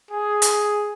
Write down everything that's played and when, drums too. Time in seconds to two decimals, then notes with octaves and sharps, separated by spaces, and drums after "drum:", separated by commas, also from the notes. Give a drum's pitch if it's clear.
0.10 G#4
0.42 drum: hi-hat